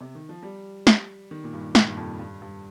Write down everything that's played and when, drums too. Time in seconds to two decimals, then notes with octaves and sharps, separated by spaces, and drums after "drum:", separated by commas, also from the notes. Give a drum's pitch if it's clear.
0.01 C3
0.15 D#3
0.29 F3
0.43 G3
0.87 drum: snare
1.31 D#3
1.44 A#2
1.53 G2
1.75 A#2, drum: snare
1.88 G2
1.97 F2
2.19 G2
2.42 G2